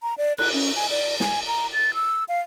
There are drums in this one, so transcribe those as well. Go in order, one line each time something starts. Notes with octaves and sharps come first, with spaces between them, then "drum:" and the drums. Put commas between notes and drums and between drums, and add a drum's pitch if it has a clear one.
A#5
D5
F#6, drum: cymbal
C#4
G#5
D5
G#5, drum: snare
A#5
A6
E6
F5